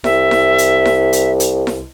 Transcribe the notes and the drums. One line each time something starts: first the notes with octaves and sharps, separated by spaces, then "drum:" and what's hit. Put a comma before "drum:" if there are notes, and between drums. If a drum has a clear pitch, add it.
C2 E5, drum: snare E4
drum: snare E4
drum: hi-hat
drum: snare E4
drum: hi-hat
drum: hi-hat
drum: snare E4